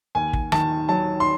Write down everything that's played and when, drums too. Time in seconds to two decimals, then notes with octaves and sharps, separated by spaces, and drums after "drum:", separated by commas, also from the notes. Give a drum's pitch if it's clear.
0.15 D#2 G#5
0.33 drum: kick
0.52 D#3 A5, drum: rim click
0.89 F#3 A5
1.20 C6